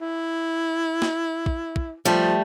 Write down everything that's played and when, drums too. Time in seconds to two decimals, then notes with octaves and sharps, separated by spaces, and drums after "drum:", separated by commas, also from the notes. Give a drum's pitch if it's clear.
0.01 E4
1.02 drum: snare
1.46 drum: kick
1.76 drum: kick
2.05 F3 G3 A3